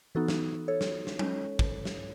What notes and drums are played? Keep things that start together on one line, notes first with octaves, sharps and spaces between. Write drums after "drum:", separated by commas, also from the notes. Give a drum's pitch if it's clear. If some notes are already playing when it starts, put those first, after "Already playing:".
E3 B3 D#4 F#4 A4
drum: snare
A4 C#5
drum: snare
drum: snare
G#3 C#4, drum: tom F#3
drum: kick
drum: snare